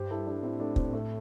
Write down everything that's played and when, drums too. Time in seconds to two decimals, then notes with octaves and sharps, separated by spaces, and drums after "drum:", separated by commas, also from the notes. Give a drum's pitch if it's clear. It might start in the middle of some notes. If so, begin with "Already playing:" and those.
Already playing: G2 G4 C5
0.11 E4 A4
0.27 D4 G4
0.43 A2 C4 E4
0.60 A3 D4
0.76 C4, drum: kick
0.93 A3